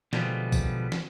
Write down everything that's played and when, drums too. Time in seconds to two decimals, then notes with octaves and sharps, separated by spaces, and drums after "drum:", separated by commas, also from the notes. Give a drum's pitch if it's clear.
0.13 B2 D3 F3 G3 G#3 B3, drum: snare
0.52 drum: kick B1, tambourine
0.92 drum: snare